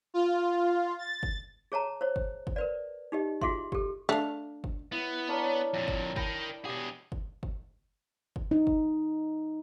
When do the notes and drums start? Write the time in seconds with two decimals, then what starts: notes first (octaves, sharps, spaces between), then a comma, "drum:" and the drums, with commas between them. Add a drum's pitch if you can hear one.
0.14 F4
0.99 A6
1.23 drum: kick F#1
1.72 G#4 C#5 A5 A#5
2.01 C5 C#5
2.16 drum: kick F#1
2.47 drum: kick F#1
2.56 A#4 B4 D5
3.12 D#4 G4 D#5
3.41 F4 F#4 G#4 E5 C6, drum: kick F#1
3.72 G4 A4, drum: kick F#1
4.09 A3 D4 F5
4.64 drum: kick F#1
4.92 B3 E4
5.28 D4 A#4 C#5
5.74 F2 A#2
5.88 drum: kick F#1
6.16 A#4 G5 A5 B5, drum: kick F#1
6.65 B2 G4 G#4 G5
7.12 drum: kick F#1
7.43 drum: kick F#1
8.36 drum: kick F#1
8.51 D#4
8.67 drum: kick F#1